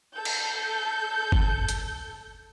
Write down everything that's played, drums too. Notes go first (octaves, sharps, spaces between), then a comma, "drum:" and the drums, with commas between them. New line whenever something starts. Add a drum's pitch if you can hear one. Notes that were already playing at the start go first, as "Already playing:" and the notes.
A4 G6
drum: cymbal
drum: kick G1
drum: hi-hat